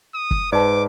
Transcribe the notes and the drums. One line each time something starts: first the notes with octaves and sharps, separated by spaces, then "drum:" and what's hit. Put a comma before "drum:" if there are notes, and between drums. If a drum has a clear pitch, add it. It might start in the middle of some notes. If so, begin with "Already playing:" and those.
D#6
drum: kick
G#2 B4 D5 A5 D6